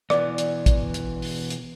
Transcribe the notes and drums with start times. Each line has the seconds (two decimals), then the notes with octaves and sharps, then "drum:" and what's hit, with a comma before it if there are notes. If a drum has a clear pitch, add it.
0.10 B2 E3 B3 D5, drum: rim click
0.38 drum: hi-hat
0.66 drum: kick, hi-hat
0.94 drum: hi-hat
1.22 drum: open hi-hat
1.50 drum: hi-hat